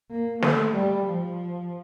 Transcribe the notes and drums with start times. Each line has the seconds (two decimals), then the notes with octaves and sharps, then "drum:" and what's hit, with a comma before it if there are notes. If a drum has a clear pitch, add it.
0.11 A#3
0.42 A3, drum: snare
0.75 G3
1.06 F3